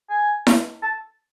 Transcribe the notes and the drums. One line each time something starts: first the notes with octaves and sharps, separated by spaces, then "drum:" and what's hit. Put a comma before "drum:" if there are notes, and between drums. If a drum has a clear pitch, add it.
G#5
drum: snare E4
A5